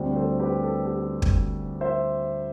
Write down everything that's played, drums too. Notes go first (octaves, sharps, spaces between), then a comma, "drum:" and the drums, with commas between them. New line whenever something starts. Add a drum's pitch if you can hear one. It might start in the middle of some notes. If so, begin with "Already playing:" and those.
Already playing: D2 D3 G3 C4
A4 C5
G4 B4
A4
G4
drum: kick
C5 E5